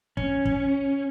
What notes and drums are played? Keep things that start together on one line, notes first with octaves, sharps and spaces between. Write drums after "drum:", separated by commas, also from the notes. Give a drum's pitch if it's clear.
C#4, drum: kick
drum: kick